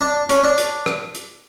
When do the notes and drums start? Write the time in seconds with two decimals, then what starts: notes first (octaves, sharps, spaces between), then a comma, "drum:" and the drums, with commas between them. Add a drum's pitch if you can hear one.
0.01 D4
0.29 C#4, drum: hi-hat
0.44 D4
0.58 drum: hi-hat
0.86 drum: rim click
1.15 drum: hi-hat